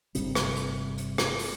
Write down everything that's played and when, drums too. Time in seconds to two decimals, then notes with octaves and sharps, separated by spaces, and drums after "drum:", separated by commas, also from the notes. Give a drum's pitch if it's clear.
0.15 G1 C3 G3 C4, drum: hi-hat
0.35 drum: rim click
0.56 drum: hi-hat
0.98 drum: hi-hat
1.18 drum: rim click
1.39 drum: open hi-hat